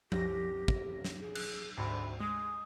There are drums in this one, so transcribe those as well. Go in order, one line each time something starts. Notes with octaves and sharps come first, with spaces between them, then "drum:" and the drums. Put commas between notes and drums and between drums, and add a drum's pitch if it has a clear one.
C2 F#2 G4 A#6, drum: tom F3
drum: kick
drum: snare
G#4
F#6, drum: cymbal
D2 G#2 C3 B5
G#3 D#6